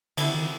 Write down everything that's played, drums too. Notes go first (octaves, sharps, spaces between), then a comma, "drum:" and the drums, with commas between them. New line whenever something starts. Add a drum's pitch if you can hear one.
B2 D3 G3 B3 E4, drum: cymbal
D#3